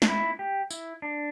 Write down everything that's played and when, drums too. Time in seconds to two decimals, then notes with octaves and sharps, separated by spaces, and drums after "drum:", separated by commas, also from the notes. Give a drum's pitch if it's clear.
0.02 D4, drum: snare
0.08 E4
0.39 G4
0.71 E4, drum: tambourine
1.02 D4